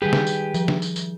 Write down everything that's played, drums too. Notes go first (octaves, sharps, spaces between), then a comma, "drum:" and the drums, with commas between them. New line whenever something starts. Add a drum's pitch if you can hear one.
D#3 G3 G4 G#4 B4
drum: snare
drum: tambourine
F3, drum: tambourine
drum: snare
drum: tambourine
drum: tambourine